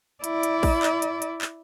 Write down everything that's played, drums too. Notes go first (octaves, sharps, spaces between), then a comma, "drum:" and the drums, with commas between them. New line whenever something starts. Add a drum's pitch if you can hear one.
E4 D5, drum: hi-hat
drum: hi-hat
drum: kick A1, open hi-hat
drum: clap
drum: hi-hat
drum: hi-hat
drum: clap